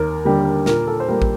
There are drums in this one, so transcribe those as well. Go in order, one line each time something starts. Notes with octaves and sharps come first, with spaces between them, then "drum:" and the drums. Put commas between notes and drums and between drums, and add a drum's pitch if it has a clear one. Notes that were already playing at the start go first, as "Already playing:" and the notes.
Already playing: D#2 A#4
D3 G3 A#3
A#2 A#4, drum: snare
A4
C5
G3 A#3 A#4
drum: kick